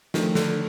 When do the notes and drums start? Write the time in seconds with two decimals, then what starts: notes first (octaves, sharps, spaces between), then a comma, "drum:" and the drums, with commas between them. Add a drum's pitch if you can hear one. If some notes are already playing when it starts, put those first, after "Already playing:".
0.14 D#3 F3 A3 D4, drum: snare
0.35 D3, drum: snare